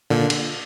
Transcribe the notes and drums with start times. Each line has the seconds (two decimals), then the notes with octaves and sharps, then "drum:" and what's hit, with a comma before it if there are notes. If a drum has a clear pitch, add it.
0.10 A#2 D3
0.30 drum: cymbal